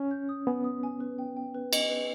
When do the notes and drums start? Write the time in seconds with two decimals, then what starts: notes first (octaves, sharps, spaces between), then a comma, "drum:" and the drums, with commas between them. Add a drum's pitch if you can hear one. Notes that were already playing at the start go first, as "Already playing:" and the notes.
Already playing: C#4
0.11 G6
0.29 D#6
0.47 B3 G#5
0.64 D#6
0.83 G#5
1.00 B4
1.19 G5
1.37 G5
1.55 B4
1.73 D#5, drum: cymbal
1.90 B4